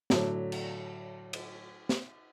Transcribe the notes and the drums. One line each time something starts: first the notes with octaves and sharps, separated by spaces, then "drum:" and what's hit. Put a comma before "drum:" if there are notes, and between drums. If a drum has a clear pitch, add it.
A2 D3 F#3, drum: snare
drum: cymbal
drum: cymbal
drum: snare